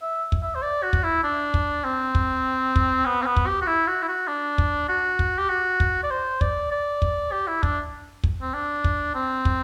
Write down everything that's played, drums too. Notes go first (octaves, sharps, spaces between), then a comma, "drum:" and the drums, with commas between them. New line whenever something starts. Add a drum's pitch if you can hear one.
E5
drum: kick
E5
C5
D5
F#4
drum: kick
E4
D4
drum: kick
C4
drum: kick
drum: kick
B3
C4
B3
drum: kick
G4
F#4
E4
F#4
E4
F#4
D4
drum: kick
F#4
drum: kick
G4
F#4
drum: kick
D5
C5
D5, drum: kick
D5
drum: kick
G4
E4
D4, drum: kick
drum: kick
C4
D4
drum: kick
C4
drum: kick